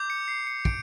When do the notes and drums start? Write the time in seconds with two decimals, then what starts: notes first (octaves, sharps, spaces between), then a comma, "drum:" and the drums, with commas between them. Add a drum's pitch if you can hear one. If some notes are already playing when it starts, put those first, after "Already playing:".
Already playing: D6 G6
0.10 C#7
0.28 C7
0.47 C#7
0.65 D7, drum: kick